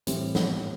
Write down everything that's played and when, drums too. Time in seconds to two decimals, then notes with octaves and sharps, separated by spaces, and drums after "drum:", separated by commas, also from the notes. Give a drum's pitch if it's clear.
0.07 A2 E3 G3 C4, drum: hi-hat
0.35 B3, drum: snare